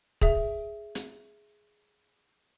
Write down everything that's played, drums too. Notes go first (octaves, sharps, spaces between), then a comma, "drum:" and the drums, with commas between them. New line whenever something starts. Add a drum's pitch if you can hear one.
G#4 E5, drum: kick
drum: hi-hat